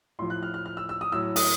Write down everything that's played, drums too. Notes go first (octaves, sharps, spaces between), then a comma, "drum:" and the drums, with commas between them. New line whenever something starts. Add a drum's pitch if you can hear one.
A2 F3 C6
F#6
F6
F6
F6
E6
E6
D#6
A2 F#3 E6
D#6, drum: open hi-hat